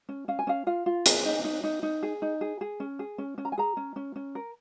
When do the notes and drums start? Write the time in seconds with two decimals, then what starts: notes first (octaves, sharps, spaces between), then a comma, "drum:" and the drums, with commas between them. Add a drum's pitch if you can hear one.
0.09 C#4
0.28 C#4 F5
0.39 G#5
0.47 C#4 F5
0.67 F4 F5
0.86 F4
1.06 G#4, drum: hi-hat
1.25 D#4
1.45 D#4
1.64 D#4
1.83 D#4
2.03 G#4
2.22 D#4
2.41 G#4
2.61 G#4
2.80 C#4
2.99 G#4
3.18 C#4
3.38 C#4
3.45 A#5
3.52 G#5
3.58 G#4 A#5
3.77 C#4
3.96 C#4
4.16 C#4
4.35 A#4